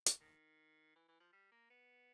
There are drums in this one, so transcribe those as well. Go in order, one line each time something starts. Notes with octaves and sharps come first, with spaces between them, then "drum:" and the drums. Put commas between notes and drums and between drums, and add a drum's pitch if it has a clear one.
drum: hi-hat
D#3
E3
E3
F3
G3
A#3
B3